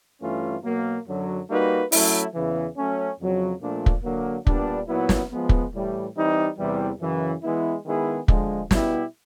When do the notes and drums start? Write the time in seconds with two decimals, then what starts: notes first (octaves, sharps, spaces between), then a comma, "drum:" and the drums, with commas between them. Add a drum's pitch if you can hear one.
0.22 G2 E3 A3 C#4 F4
0.64 B2 F#3 A#3
1.07 F#2 D3 F#3
1.49 G3 A#3 D#4 F#4 B4
1.92 F#3 A3 C#4 E4, drum: open hi-hat
2.34 E2 C#3 E3
2.77 F#3 A3 C#4
3.20 F2 C#3 F#3
3.61 A#2 F3 A3 D4
3.86 drum: kick
4.04 D3 F#3 A#3
4.47 A#2 G3 B3 D4, drum: kick
4.88 A#2 F#3 B3 E4
5.09 drum: snare
5.31 F3 G#3 B3
5.49 drum: kick
5.74 A2 E3 G3
6.16 E3 G3 C4 D#4
6.58 E2 C3 E3 G3
7.00 F#2 C#3 E3
7.43 E3 G#3 B3 E4
7.85 D#3 G#3 B3 E4 G#4
8.28 D3 F3 G#3, drum: kick
8.71 B2 G3 B3 E4 G4, drum: snare